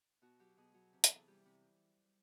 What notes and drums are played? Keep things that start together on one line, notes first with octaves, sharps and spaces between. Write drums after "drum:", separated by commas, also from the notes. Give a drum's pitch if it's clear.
B2 F#4
F#3 G4
B2 G#4
F#3
C3
A4, drum: hi-hat
E3
G#4
G3 G4
C3